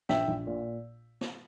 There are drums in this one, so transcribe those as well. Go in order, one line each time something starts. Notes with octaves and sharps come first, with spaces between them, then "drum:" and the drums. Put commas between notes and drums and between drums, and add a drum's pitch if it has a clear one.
A#1 E5 G5, drum: snare
A#1
A#2
drum: snare